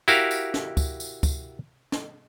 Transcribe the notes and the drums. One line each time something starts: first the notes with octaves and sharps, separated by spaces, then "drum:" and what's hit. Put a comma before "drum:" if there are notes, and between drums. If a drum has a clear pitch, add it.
E4 F#4 G4 A#4 F5, drum: tambourine
drum: tambourine
drum: snare
drum: kick C#2, tambourine
drum: tambourine
drum: kick C#2, tambourine
drum: snare